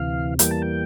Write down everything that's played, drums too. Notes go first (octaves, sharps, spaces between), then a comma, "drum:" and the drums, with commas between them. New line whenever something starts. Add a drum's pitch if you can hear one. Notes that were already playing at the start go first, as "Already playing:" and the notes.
Already playing: D2 C3 E3 F5
E2 E3 G3 A#3 G5, drum: hi-hat
A5
G5